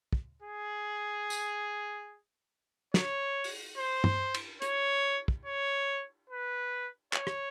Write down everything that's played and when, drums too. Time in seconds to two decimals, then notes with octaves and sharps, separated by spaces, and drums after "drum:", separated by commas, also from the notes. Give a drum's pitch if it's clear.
0.13 drum: kick
0.42 G#4
1.30 drum: tambourine
2.94 C#5, drum: snare
3.44 drum: open hi-hat
3.77 C5
4.04 drum: tom
4.34 drum: cymbal
4.62 C#5, drum: hi-hat
5.28 drum: kick
5.45 C#5
6.30 B4
7.13 C#5, drum: clap
7.27 drum: rim click